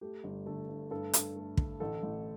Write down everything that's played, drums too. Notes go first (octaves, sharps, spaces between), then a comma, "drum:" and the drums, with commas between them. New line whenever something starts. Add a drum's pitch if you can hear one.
A3 G4
G1
D3 A3 A4
G2
G2 A3 A4
G2, drum: hi-hat
A3
D3, drum: kick
A1 A3 A4
A1